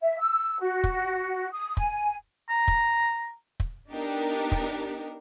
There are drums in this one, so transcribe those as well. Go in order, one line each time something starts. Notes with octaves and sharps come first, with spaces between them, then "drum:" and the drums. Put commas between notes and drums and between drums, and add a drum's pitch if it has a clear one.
E5
E6
F#4
drum: kick
D#6
G#5, drum: kick
A#5
drum: kick
drum: kick
B3 D4 D#4 G4 A#4
drum: kick